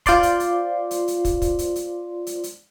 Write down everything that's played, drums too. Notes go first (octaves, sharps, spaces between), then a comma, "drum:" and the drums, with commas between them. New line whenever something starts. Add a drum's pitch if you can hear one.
F4 C5 D5 C6, drum: kick, hi-hat
drum: hi-hat
drum: hi-hat
drum: hi-hat
drum: hi-hat
drum: kick, hi-hat
drum: kick, hi-hat
drum: hi-hat
drum: hi-hat
drum: hi-hat
drum: hi-hat